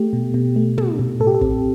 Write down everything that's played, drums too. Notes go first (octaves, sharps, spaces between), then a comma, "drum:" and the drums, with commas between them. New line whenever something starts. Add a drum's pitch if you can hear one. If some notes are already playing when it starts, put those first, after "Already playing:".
Already playing: A3 G4
B2
B2
A3
B2, drum: tom
B2
A2 A4
G4
A4
C4, drum: kick